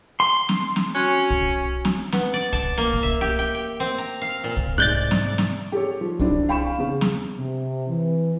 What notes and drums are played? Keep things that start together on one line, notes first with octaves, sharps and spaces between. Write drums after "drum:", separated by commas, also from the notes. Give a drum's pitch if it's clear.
C6
drum: snare
drum: snare
C#4 F#4
drum: kick C2
drum: snare
B3, drum: snare
D5
A5, drum: kick C2
A#3
drum: kick C2
E5
G4
G5
G5
C4
A#5
F5
A#2
drum: kick C2
G#2 C3 G#3 D5 F#6 G6 A6
drum: snare
drum: snare
G4 A4 C#5
F3
F#3 C4 D4 E4, drum: kick C2
F5 G5 B5 C#6 E7
E2 C#3
drum: snare
C3
E3